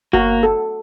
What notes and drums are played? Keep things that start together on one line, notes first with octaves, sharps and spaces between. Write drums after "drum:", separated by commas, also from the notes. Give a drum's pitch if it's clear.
A#3 F#4, drum: kick F#1
A4